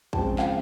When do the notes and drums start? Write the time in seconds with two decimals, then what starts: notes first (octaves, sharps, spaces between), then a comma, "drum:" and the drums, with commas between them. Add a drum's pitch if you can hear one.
0.13 C#3 F3 G#3 C4 G5 A5, drum: kick
0.39 F5 G5, drum: clap